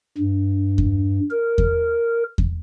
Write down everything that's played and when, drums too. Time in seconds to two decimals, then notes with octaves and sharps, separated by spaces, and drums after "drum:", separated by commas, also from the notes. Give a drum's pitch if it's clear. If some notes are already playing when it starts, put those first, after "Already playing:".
0.18 G2
0.78 drum: kick E2
1.31 A#4
1.58 drum: kick E2
2.38 drum: kick E2